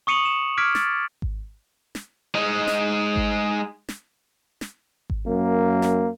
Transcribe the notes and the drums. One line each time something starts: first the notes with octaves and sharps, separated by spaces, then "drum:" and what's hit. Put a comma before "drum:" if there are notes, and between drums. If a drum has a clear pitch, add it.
C#6 D#6 C#7 D#7 F7 F#7
E7
D6 F6 G#6 B6 D7
A6, drum: snare
drum: kick G#1
drum: snare
G#3 D#4
drum: snare
drum: kick G#1
drum: snare
drum: snare
drum: kick G#1
F#2 A#3
drum: snare